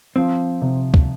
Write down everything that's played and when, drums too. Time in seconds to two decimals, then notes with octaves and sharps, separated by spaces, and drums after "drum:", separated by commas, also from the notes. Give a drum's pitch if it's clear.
0.16 F3 C4
0.62 C3
0.94 drum: kick